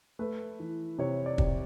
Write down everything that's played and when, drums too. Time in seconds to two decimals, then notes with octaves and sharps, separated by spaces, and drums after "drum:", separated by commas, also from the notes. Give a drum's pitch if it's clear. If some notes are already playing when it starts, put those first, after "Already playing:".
0.19 A3 B4
0.60 E3
0.98 C3 C#5
1.26 D5
1.38 C3, drum: kick